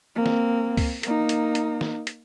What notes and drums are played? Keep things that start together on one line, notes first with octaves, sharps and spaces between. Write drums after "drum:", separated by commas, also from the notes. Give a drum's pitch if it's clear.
A#3 C4
drum: snare
drum: kick, open hi-hat
A#3 D#4, drum: hi-hat
drum: hi-hat
drum: hi-hat
drum: snare
drum: hi-hat